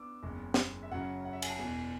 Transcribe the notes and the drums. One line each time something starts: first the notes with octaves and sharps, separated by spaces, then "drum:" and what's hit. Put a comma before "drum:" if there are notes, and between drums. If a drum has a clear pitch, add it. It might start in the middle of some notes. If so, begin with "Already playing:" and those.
Already playing: B3 D4 D6 E6
F#1 E2 C#3 G#3 C#6
drum: snare
E5
F#2 C#3 F#3 C#4 F#5
F#5
E5
G#5, drum: cymbal
A5
E1 E2 B2 G#5